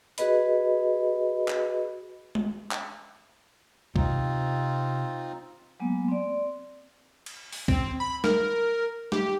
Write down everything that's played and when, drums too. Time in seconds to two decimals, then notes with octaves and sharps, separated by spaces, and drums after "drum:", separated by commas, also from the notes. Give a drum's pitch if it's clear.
0.18 F#4 G#4 B4 D#5 B5, drum: hi-hat
1.48 drum: clap
2.35 drum: tom G#3
2.71 drum: clap
3.96 C3 C4 D#4 F4, drum: kick C#2
5.80 F#3 G#3 A#3 B3
6.08 C4 D5
7.26 drum: cymbal
7.53 drum: open hi-hat
7.68 C4, drum: kick C#2
8.00 B5
8.24 A#4, drum: snare
9.12 G4, drum: snare